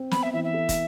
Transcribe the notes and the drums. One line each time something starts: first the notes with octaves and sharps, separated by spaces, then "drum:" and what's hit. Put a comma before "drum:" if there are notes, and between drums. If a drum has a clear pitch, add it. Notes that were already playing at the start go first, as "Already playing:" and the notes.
Already playing: C4
B3 B5, drum: snare
E5
E3 E5
E5
A4
drum: kick, hi-hat